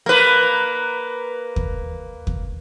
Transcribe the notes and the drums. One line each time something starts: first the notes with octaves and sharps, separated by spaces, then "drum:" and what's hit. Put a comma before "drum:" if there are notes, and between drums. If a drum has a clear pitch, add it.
A#3 B4
drum: kick
drum: kick